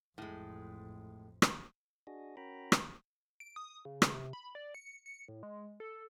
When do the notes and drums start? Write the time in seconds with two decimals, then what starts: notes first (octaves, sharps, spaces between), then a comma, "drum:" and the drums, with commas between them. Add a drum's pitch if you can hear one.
0.18 A1 F2 A2 G#3
1.42 drum: rim click
2.07 D4 F#4 G#4 D#5
2.37 C#4 F#4 A#4 G5 A#5 B5
2.72 drum: rim click
3.40 D7
3.56 D#6
3.85 C#3
4.02 drum: rim click
4.14 C3
4.33 B5
4.55 D5
4.74 C#7
5.06 C#7
5.28 A2
5.43 G#3
5.80 A4